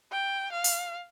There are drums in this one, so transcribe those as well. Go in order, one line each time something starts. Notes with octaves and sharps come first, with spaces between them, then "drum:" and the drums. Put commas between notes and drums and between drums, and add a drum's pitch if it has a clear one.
G5
F5
drum: open hi-hat